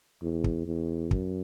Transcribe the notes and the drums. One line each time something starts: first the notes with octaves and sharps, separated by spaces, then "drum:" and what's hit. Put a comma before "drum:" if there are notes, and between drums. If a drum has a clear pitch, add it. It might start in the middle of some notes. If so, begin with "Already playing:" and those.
E2
drum: kick
E2
F#2, drum: kick